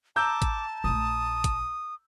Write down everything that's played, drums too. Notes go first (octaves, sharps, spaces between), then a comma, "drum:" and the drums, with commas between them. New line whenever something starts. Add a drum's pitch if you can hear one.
A5 A#5 D6 E6 G6
drum: kick, hi-hat
A#1 A3 D#6
drum: kick, hi-hat